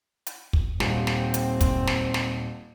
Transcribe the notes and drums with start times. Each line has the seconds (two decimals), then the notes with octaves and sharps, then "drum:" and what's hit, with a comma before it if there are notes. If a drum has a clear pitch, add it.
0.27 drum: hi-hat
0.53 drum: kick
0.80 D#1 C4, drum: snare
1.07 drum: snare
1.34 drum: hi-hat
1.61 drum: kick, hi-hat
1.87 drum: snare
2.14 drum: snare